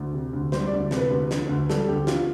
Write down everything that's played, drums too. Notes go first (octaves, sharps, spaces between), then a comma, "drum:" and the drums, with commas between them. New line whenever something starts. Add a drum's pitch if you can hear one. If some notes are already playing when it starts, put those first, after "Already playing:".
Already playing: D2
C3
D2
G3 C5, drum: snare
D5
D2
C3, drum: snare
B4
D2 B4
D3, drum: snare
D2
G3 A4, drum: snare
D2 G4
D3 F4, drum: snare